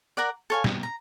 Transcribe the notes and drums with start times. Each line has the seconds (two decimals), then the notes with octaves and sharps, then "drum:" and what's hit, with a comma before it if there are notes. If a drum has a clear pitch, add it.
0.17 A#4 D5 F#5 A#5
0.50 A4 C#5 F5 G#5
0.64 drum: snare
0.83 A#5